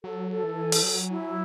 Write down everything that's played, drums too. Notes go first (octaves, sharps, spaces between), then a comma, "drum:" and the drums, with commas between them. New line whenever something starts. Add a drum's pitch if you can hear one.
F#3 A4
A4
E3
G#5
drum: open hi-hat
F#3 G#5
E4